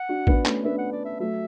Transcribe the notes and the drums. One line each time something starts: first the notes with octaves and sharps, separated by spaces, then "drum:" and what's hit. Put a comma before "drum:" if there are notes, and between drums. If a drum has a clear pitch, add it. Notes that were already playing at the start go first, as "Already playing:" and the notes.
Already playing: F#5
D4 F#4
B3 D4, drum: kick
A3 C#4, drum: clap
B3 D4 E5
F#5
D5
E5
F#3 A3 E5